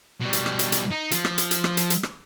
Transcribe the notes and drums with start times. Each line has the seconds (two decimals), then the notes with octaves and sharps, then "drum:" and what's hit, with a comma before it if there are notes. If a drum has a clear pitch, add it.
0.21 B2 G3
0.33 drum: hi-hat
0.46 drum: rim click
0.59 drum: hi-hat
0.72 drum: hi-hat
0.91 D#4
1.11 F3, drum: hi-hat
1.25 drum: rim click
1.38 drum: hi-hat
1.51 drum: hi-hat
1.64 drum: rim click
1.77 drum: hi-hat
1.90 drum: hi-hat
2.03 drum: rim click